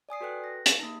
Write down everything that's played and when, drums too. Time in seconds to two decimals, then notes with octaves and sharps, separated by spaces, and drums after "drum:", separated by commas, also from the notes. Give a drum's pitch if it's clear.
0.09 D5 G#5 D#6 C7
0.21 F#4 A4 B4 G5 F#6
0.44 A#6
0.66 G4, drum: hi-hat
0.79 A#3 D#4